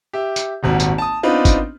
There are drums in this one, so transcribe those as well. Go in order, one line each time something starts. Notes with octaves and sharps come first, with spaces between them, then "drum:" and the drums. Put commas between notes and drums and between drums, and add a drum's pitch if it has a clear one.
G4 E5
drum: tambourine
D#1 G#1 F#4
drum: tambourine
A5 D#6
B3 C4 D4 D#4 F4 B4
drum: kick, tambourine